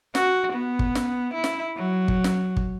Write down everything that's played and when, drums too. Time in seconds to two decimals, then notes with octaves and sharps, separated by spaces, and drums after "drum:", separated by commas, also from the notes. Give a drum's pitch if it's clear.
0.15 F#4, drum: snare
0.53 B3
0.79 drum: kick
0.95 drum: snare
1.34 E4
1.44 drum: snare
1.76 F#3
2.08 drum: kick
2.24 drum: snare
2.57 drum: kick